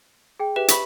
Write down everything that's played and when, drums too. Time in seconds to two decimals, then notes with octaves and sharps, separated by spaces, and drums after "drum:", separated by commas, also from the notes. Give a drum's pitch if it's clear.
0.40 G#4 G5
0.56 G4 B4 E5
0.68 B5 C#6 B6, drum: hi-hat